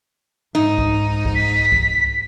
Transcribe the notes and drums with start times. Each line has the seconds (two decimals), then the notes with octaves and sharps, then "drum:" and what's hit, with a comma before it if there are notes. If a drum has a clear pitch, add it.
0.55 G#2 D#4
0.78 drum: kick C2
1.25 drum: kick C2
1.35 B6
1.72 drum: kick C2